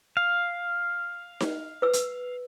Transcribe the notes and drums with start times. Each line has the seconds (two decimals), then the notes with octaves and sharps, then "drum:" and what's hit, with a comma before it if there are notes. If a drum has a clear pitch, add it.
0.17 F5
1.40 drum: snare D#4
1.82 B4 E6
1.93 drum: hi-hat